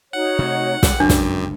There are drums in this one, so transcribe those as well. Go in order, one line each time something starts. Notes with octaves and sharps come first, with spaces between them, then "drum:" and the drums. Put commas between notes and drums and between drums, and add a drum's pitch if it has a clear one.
D#4 F#4 C#5 F#5
C3 A3
E1 G3 G#3 G4, drum: snare
G1 C#2 F#2 D4
drum: snare